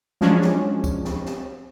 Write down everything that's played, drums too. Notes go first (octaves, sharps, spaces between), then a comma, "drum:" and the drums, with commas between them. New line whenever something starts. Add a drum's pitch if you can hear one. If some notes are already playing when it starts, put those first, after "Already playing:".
F3 F#3 G#3 C#4 D4, drum: snare
drum: snare
drum: kick, tambourine
drum: snare
drum: snare